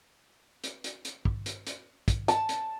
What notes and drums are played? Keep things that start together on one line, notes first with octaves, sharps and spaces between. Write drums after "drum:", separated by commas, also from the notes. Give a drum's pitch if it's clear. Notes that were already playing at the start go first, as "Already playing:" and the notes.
drum: hi-hat
drum: hi-hat
drum: hi-hat
drum: kick
drum: hi-hat
drum: hi-hat
drum: kick, hi-hat
A5, drum: hi-hat
drum: hi-hat